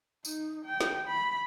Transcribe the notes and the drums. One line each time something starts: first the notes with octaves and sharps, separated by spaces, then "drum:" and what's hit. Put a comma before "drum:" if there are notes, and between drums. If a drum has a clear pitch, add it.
D#4, drum: tambourine
G5
drum: snare
B5